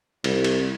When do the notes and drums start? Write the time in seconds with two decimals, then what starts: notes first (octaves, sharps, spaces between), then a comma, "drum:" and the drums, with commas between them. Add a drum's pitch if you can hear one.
0.24 C2, drum: cymbal
0.44 drum: cymbal